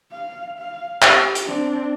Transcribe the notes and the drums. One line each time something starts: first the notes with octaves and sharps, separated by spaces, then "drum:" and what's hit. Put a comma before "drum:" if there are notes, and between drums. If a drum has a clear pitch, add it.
F5
F5
G4, drum: clap
drum: hi-hat
C4 D4